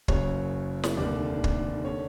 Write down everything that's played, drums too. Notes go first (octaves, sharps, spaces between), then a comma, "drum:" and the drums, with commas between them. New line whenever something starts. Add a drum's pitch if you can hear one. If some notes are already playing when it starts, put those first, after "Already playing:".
F#1 F#2 C#3 C#5, drum: kick
drum: snare
F1 D#2 D3 G3 D5
drum: kick
D3 C#5